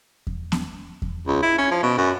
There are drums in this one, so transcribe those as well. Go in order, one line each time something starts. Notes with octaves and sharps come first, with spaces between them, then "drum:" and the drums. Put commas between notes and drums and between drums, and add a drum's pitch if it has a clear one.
drum: kick E2
drum: snare
drum: kick E2
C#2
E4
C#4
F3
B2
F#2